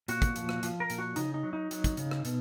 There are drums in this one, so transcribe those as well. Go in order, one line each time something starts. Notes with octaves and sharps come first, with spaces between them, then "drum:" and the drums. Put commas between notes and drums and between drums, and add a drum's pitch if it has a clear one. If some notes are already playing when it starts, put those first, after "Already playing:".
A#2 F#4, drum: hi-hat
drum: kick, hi-hat
F3, drum: hi-hat
drum: rim click
F3, drum: hi-hat
A#4
A#2, drum: hi-hat
F#4
C#3 D#4, drum: hi-hat
D#4
F#3
D#4
F#3, drum: hi-hat
drum: kick, hi-hat
C#3, drum: hi-hat
drum: rim click
B2, drum: hi-hat